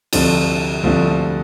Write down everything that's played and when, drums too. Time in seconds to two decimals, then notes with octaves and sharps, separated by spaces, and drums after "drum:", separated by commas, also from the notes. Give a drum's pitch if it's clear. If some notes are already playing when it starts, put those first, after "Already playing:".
0.13 D2 C3 F3 A3 D4, drum: cymbal
0.83 D2 C3 F3 A3 D4